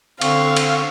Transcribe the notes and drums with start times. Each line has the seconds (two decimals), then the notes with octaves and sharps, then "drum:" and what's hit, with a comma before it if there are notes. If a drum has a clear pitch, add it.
0.21 D3 C4 F5 C#6, drum: cymbal
0.56 drum: cymbal